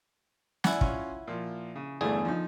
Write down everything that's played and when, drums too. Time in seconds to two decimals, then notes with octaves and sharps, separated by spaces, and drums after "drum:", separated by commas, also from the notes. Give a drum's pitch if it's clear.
0.64 E4 D5 F#5 G#5, drum: snare
0.81 C#4 F4, drum: kick
1.28 A#2 F3
1.76 C#3
2.01 G1 E2 A3 G#4 D5
2.25 F3 D#4